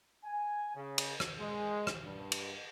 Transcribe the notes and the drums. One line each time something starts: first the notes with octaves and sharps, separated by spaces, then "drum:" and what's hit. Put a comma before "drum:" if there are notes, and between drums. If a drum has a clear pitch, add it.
G#5
C#3
drum: cymbal
drum: rim click
G#3
drum: rim click
G2
drum: cymbal